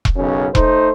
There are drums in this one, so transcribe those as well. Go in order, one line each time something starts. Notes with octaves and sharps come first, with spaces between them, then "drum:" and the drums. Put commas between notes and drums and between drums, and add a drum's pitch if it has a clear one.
drum: kick E1
B1 F#2 C#3 C#4
A3 D#4 C5, drum: kick E1